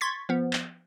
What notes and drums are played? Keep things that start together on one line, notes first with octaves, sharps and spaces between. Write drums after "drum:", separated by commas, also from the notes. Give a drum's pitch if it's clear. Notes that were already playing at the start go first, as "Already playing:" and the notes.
C6 C#6 G#6 A6 B6
F3 B3
drum: clap